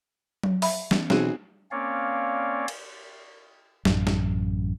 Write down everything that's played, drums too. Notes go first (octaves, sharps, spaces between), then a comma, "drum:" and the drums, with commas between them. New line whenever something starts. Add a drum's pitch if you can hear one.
drum: tom F#3
E5 B5, drum: open hi-hat
E3 B3 C#4, drum: snare
B1 B2 E3 C4 C#4 F#4 G#4, drum: snare
A#3 C4 C#4 C#5 D5 F5
drum: cymbal
A1 F#2, drum: snare
drum: snare